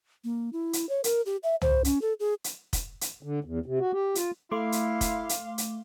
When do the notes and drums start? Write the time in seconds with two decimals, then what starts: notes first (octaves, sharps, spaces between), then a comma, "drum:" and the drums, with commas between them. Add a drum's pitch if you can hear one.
0.24 A#3
0.53 E4
0.73 drum: hi-hat
0.89 C#5
1.04 A#4, drum: hi-hat
1.26 G4
1.43 E5
1.61 C5, drum: tom
1.85 C#4, drum: hi-hat
2.02 A4
2.20 G#4
2.44 drum: hi-hat
2.73 drum: kick, hi-hat
3.01 drum: hi-hat
3.23 D3
3.44 E2
3.66 C3
3.79 F#4
3.93 G4
4.15 F4, drum: hi-hat
4.51 A3 E4 F5 C6 D6
4.72 drum: hi-hat
5.01 drum: kick, hi-hat
5.29 drum: hi-hat
5.58 drum: hi-hat